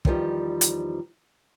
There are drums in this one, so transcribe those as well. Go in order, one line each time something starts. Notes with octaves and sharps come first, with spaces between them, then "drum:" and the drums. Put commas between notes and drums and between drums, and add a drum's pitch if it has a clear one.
E2 D#3 F3 G3, drum: kick
drum: hi-hat